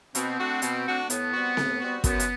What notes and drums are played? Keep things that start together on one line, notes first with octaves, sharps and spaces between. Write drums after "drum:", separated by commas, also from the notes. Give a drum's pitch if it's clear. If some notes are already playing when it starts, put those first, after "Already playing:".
B2 C4, drum: hi-hat
A3 D4 F#4
B2, drum: hi-hat
A3 D4 F#4
A2 B3, drum: hi-hat
G3 C4 F#4
A2, drum: snare C4
G3 C4 F#4
F#2 B3, drum: kick, hi-hat
drum: hi-hat